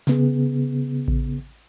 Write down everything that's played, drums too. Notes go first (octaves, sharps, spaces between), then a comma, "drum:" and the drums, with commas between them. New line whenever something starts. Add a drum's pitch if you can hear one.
C#3 B3 G#4, drum: snare
drum: kick A1